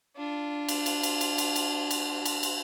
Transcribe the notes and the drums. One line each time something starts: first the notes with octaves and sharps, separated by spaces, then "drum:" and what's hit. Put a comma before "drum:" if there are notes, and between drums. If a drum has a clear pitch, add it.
D4 F4
drum: cymbal
drum: cymbal
drum: cymbal
drum: cymbal
drum: cymbal
drum: cymbal
drum: cymbal
drum: cymbal
drum: cymbal